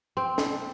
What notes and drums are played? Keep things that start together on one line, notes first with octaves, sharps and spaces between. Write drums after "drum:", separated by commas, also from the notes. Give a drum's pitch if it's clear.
C4
drum: snare